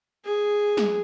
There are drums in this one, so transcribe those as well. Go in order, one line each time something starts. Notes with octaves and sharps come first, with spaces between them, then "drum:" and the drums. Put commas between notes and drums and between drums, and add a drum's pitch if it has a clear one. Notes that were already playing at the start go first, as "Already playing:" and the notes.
G#4
drum: snare